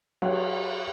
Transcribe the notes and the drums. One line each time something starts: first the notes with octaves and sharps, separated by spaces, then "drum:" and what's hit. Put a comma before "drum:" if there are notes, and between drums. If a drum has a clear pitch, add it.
F#3, drum: cymbal